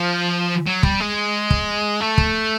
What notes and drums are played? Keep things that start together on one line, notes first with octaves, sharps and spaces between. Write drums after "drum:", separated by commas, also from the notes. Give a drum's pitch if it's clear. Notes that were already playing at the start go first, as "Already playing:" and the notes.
Already playing: F3
F#3
G3, drum: kick
G#3
drum: kick
A3
drum: kick